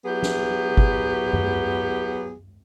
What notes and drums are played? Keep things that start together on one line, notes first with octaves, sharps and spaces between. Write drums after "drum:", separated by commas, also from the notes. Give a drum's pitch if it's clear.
F#3 B3 E4 G4 G#4
drum: snare
drum: kick
drum: tom F#2